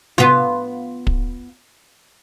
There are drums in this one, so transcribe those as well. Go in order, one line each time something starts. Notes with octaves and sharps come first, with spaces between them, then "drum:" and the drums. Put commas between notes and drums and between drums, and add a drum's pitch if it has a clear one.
B3 F4, drum: tom C3
drum: kick